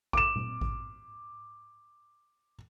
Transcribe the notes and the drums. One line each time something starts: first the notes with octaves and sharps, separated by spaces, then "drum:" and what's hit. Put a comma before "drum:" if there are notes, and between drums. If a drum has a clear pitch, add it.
D6 E7, drum: kick A1
drum: tom A#2
drum: kick A1